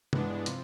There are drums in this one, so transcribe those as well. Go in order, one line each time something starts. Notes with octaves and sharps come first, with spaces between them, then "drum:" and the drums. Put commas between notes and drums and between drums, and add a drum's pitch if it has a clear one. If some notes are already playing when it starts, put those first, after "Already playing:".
G2 E3 G#3 B3 D4, drum: tom
C3 F3, drum: hi-hat